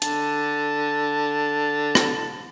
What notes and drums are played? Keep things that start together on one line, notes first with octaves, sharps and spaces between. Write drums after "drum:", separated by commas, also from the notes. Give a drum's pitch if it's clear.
D3 A5, drum: hi-hat
drum: rim click